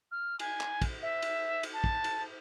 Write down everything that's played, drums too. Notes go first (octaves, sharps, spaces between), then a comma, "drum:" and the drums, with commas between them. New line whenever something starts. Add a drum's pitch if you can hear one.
F6
G#5, drum: cymbal
drum: clap
drum: kick, cymbal
E5
drum: cymbal
drum: cymbal
A5
drum: kick
drum: cymbal